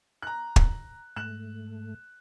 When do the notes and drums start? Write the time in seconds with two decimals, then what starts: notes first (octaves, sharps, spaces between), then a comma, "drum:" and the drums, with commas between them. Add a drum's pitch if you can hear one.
0.22 A#5 F#6
0.56 drum: kick
1.16 G#2 A3 F#6 E7